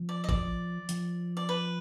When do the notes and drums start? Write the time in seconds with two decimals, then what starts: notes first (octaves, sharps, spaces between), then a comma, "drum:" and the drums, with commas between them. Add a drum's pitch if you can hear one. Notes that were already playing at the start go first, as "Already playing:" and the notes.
Already playing: F3
0.09 D5
0.24 D#5
0.29 D5, drum: kick G#1
0.89 F3, drum: hi-hat
1.37 D5
1.49 B4